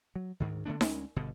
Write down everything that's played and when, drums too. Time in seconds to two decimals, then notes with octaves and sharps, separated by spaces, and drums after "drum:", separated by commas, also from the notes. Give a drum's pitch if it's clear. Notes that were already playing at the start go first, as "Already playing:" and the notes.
0.16 F#3
0.40 D2 G#2 D#3
0.65 D3 A3 B3 D4
0.81 D2 G#3 C4 C#4, drum: snare D#4
1.16 G1 B2 D3